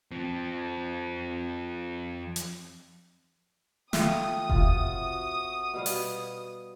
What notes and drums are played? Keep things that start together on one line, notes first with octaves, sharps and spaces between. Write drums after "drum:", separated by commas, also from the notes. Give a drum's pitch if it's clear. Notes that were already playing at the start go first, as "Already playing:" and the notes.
F3 C4
drum: hi-hat
A3 F4 A4 G5 D#6, drum: snare
C3 F4 F#4, drum: kick F1
B2 G3 F5
drum: open hi-hat